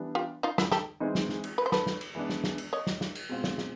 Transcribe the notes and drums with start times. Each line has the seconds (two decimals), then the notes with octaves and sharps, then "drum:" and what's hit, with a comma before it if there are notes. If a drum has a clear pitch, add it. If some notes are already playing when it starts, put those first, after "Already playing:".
Already playing: E3 G3 B3 D4
0.15 F4 G4
0.43 D#4 F4
0.58 E4 F#4, drum: snare
0.72 G4 A4, drum: snare
1.00 E3 G#3 C4 D#4
1.15 drum: snare
1.29 drum: snare
1.44 drum: cymbal
1.58 B4
1.66 C5
1.72 A4 B4, drum: snare
1.87 drum: snare
2.01 drum: cymbal
2.15 E3 G#3 B3 D4
2.29 drum: snare
2.44 drum: snare
2.58 drum: cymbal
2.73 C#5 D#5
2.87 drum: snare
3.01 drum: snare
3.15 drum: cymbal
3.29 B2 G#3 C4 F4
3.44 drum: snare
3.58 drum: snare